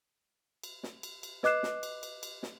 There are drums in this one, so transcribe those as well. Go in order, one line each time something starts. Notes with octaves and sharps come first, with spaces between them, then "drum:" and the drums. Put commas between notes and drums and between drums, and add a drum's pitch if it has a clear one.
drum: cymbal
drum: snare
drum: cymbal
drum: cymbal
B4 D#5 D6 F#6 C7 E7, drum: snare
drum: snare
drum: cymbal
drum: cymbal
drum: cymbal
drum: snare